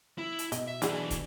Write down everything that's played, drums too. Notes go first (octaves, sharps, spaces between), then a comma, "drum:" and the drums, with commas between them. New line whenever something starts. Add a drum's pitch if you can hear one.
E4
drum: hi-hat
B2 D#5, drum: hi-hat
E5
B1 E3 D4 E4 G#4, drum: hi-hat
drum: kick, hi-hat